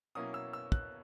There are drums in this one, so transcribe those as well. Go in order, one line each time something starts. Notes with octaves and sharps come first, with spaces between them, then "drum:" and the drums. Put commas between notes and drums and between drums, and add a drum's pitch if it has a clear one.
B2 F#3 A#3 C#4 E4 D#6
E6
E6
F#6, drum: kick